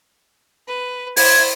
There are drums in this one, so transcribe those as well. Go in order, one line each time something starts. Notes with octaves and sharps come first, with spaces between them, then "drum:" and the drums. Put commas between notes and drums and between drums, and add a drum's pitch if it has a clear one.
B4
E4 C5 G#6, drum: open hi-hat